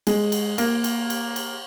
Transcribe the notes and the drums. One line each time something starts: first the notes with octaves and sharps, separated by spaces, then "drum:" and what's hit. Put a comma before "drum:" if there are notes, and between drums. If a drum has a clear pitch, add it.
G#3, drum: cymbal
drum: cymbal
A#3, drum: cymbal
drum: cymbal
drum: cymbal
drum: cymbal